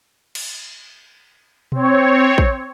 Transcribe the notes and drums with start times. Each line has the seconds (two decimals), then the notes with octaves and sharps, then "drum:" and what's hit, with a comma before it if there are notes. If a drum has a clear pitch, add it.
0.35 drum: cymbal
1.72 C4 C#5, drum: tom B2
2.38 drum: kick